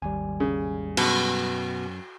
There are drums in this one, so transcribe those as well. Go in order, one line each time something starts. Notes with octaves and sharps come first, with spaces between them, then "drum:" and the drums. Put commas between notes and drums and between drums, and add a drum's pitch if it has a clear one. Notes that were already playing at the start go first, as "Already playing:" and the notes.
G#1 D#2 G3 G#5
C#3
F#2 B2, drum: cymbal